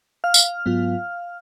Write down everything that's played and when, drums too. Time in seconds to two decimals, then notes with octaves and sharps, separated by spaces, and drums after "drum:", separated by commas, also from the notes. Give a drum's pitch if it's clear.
0.24 F5 F6
0.34 drum: tambourine
0.66 G#2 F#3 B3 F4